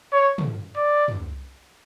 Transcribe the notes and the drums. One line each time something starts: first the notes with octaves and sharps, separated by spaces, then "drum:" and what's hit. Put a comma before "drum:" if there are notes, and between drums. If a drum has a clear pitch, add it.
C#5
drum: tom
D5
drum: tom